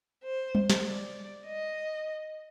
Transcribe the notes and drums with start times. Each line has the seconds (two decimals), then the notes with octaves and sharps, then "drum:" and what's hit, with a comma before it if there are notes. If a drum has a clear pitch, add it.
0.24 C5
0.55 drum: tom G3
0.70 drum: snare
0.85 D5
1.46 D#5